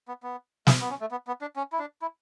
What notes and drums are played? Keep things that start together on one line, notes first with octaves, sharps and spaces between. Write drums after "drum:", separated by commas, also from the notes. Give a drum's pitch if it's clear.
B3
B3
A3, drum: snare
B3
C#4
A3
B3
B3
D4
C#4
E4
D4
E4